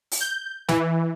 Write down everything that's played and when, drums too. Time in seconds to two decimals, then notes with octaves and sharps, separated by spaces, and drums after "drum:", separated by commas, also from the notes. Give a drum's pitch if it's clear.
0.12 drum: open hi-hat
0.21 G6
0.69 E3, drum: snare